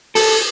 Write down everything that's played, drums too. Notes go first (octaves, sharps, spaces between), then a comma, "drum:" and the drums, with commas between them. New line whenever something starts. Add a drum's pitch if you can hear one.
A4, drum: open hi-hat